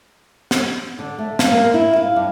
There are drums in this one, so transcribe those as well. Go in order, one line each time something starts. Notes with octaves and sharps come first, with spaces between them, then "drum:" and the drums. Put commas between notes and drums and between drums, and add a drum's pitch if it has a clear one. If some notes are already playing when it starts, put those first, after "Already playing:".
drum: snare
D3
A3
F5, drum: snare
A#3
E4
F5
G2